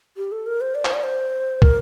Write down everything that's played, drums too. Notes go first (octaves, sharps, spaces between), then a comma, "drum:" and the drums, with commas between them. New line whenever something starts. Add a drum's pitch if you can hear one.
G4
A4
A#4
C5
D5
C5, drum: clap
D5
C5
A#4, drum: kick